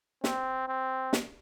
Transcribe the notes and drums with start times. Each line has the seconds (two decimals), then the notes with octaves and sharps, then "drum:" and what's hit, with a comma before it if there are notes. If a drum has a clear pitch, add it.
0.24 C4, drum: snare
0.68 C4
1.13 drum: snare